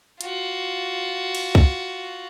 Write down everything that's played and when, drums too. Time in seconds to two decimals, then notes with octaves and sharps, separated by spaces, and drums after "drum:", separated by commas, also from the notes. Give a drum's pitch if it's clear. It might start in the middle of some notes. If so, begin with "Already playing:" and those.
0.21 F4 F#4, drum: hi-hat
1.35 drum: cymbal
1.55 drum: kick C2